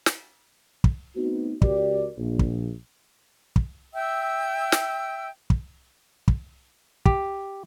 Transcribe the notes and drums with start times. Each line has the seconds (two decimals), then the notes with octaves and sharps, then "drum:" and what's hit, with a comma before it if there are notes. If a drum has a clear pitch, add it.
0.06 drum: snare
0.84 drum: kick
1.16 A3 B3 C4 D#4 F#4
1.62 C#2 F#4 G4 A#4 D5, drum: kick
2.17 A#1
2.39 drum: kick
3.56 drum: kick
3.94 E5 G5 E6
4.72 drum: snare
5.50 drum: kick
6.28 drum: kick
7.06 G4, drum: kick